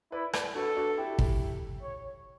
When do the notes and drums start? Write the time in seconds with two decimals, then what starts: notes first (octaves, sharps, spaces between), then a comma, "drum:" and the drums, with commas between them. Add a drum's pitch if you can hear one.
0.12 E4 B4 D5
0.33 B4 D5, drum: rim click
0.55 D4 F#4 A4
0.77 D4 F#4
0.98 E4 G4
1.19 drum: kick
1.82 C#5